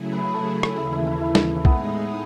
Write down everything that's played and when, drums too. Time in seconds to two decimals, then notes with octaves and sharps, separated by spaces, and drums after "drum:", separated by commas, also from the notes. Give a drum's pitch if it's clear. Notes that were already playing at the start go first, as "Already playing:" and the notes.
Already playing: C#3 F#3 A3 E4 G#4
0.12 B4
0.34 A4
0.63 drum: rim click
0.77 D#2 C#3 E3 E4
0.93 E4
1.07 E4
1.21 E4
1.35 drum: snare
1.65 A2 G#3 B3 D#4 G#4, drum: kick C2